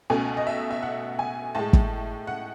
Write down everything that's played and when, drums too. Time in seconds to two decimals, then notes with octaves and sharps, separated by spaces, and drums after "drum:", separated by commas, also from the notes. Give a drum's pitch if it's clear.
0.10 C#2 B2 A3 G#5
0.37 D#5
0.47 E5
0.71 E5
0.82 F#5
1.19 G#5
1.55 A2 G#3 A5
1.73 drum: kick
2.27 F#5